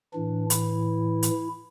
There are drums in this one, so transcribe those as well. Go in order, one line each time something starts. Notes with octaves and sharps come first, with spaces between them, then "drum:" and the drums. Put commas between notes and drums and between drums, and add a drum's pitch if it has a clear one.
A2 E3 D4
E4, drum: hi-hat
drum: hi-hat